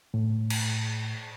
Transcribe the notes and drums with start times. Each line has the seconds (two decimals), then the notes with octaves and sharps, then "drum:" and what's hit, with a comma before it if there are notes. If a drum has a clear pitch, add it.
0.14 A2
0.50 drum: cymbal